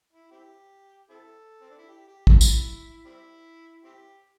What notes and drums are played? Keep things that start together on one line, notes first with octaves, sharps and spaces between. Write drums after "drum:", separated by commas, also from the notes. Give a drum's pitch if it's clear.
E4
C4 E4 G4
C4 E4 A4
C4
D4
E4
G4
G4
E4, drum: kick
drum: tambourine
G3 C4 E4
C4 E4 G4